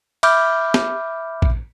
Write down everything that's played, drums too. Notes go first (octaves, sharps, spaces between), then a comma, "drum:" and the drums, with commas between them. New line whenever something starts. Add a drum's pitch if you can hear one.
E5 B5 D6 F6 G6, drum: cymbal
drum: snare
drum: kick A#1